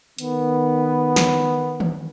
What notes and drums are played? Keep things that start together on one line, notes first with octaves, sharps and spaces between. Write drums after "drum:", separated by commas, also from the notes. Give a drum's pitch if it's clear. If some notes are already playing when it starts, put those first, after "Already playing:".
D#3 B3, drum: hi-hat
drum: snare
drum: tom D#3